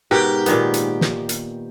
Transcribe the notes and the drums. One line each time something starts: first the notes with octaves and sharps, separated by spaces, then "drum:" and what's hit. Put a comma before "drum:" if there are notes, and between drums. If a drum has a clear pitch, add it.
G#2 B2 G4 A#4 F#5
A#2 D#3 B3, drum: hi-hat
drum: hi-hat
drum: snare
drum: hi-hat